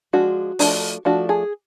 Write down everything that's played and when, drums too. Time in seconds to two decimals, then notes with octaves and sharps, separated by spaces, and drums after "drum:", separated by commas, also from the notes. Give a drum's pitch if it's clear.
0.13 F3 G#3 D4 F#4
0.59 F3 A3 D4, drum: open hi-hat
1.05 F3 A3 D4 F#4
1.29 G#4